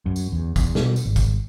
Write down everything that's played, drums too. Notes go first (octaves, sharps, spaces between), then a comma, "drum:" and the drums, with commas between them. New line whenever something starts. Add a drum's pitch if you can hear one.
F#2
drum: tambourine
E2
E2, drum: kick, tambourine
B2, drum: snare
drum: tambourine
G#1
drum: kick, tambourine